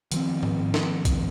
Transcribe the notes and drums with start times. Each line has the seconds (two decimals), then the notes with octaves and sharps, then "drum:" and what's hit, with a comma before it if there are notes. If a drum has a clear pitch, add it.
0.12 D#3 F3 C4, drum: hi-hat
0.43 drum: tom G#2
0.74 drum: snare
1.05 drum: kick A#1, hi-hat